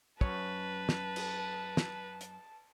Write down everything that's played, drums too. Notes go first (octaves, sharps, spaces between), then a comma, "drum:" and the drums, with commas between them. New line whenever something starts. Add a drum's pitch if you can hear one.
F#2 B4 C#5 A5, drum: kick
drum: snare
drum: cymbal
drum: snare
drum: hi-hat